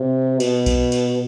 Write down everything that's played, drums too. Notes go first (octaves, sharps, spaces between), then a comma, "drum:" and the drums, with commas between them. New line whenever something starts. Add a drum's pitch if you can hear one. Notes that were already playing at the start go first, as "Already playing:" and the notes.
Already playing: C3
B2, drum: cymbal
drum: kick B1, cymbal
drum: cymbal